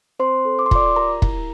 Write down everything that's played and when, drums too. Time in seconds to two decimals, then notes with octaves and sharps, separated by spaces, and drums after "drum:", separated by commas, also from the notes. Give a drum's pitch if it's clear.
0.19 C4 C5 C6
0.45 A4
0.59 D6
0.66 C6
0.71 F4 D5 D6, drum: kick
0.96 G4 A#4 A#5
1.22 E4, drum: kick